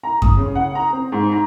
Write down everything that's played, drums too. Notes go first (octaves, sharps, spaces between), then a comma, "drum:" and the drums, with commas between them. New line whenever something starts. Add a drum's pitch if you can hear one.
A#5
D#6, drum: kick F#2
C#3
F#5
A#5
C4
G#2
A#5